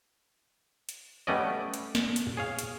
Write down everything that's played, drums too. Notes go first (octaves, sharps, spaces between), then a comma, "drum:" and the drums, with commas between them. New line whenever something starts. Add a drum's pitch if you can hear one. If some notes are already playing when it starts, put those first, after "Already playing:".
drum: hi-hat
G3 A3 B3 C#4 D5 D#5
drum: hi-hat
drum: snare
drum: hi-hat
G#4 C#5 F5
drum: hi-hat